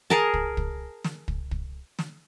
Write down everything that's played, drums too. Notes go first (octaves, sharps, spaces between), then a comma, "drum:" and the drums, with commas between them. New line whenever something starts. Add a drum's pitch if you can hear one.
G#4 A#4 A5, drum: snare
drum: kick
drum: kick
drum: snare
drum: kick
drum: kick
drum: snare